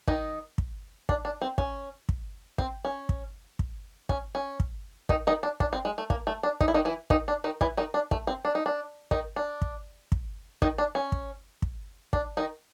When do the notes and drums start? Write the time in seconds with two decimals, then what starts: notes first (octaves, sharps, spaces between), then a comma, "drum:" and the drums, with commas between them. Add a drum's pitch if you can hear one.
0.08 D#3 D#4, drum: kick
0.58 drum: kick
1.09 D4, drum: kick
1.25 D4
1.41 C4
1.58 C#4, drum: kick
2.09 drum: kick
2.58 C4, drum: kick
2.85 C#4
3.09 drum: kick
3.59 drum: kick
4.09 C#4, drum: kick
4.35 C#4
4.60 drum: kick
5.09 D#3 D#4, drum: kick
5.27 D#3 D#4
5.43 D4
5.60 D4, drum: kick
5.73 C4
5.85 G#3
5.98 A3
6.10 A#3, drum: kick
6.27 A3
6.43 D4
6.61 D#4, drum: kick
6.68 E4
6.74 D#3 D#4
6.85 E3 E4
7.10 D#3 D#4, drum: kick
7.28 D4
7.44 D#3 D#4
7.61 E3 E4, drum: kick
7.77 D#3 D#4
7.94 D4
8.11 A3, drum: kick
8.27 C4
8.45 D4
8.55 D#4
8.66 D4
9.11 D#3 D#4, drum: kick
9.36 D4
9.62 drum: kick
10.12 drum: kick
10.62 D#3 D#4, drum: kick
10.78 D4
10.95 C#4
11.12 drum: kick
11.62 drum: kick
12.13 D4, drum: kick
12.37 D#3 D#4